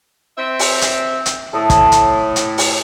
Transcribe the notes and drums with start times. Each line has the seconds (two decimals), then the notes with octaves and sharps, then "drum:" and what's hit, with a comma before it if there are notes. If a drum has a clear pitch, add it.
0.37 C4 E5
0.59 drum: open hi-hat
0.81 drum: hi-hat
1.26 drum: hi-hat
1.53 A2 A4 E5 D#6
1.70 drum: kick, hi-hat
1.92 drum: hi-hat
2.36 drum: hi-hat
2.58 drum: open hi-hat